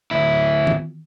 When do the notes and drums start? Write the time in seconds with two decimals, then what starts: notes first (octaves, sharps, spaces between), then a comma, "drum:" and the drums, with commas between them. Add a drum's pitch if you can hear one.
0.11 D2 E4
0.67 drum: tom D#3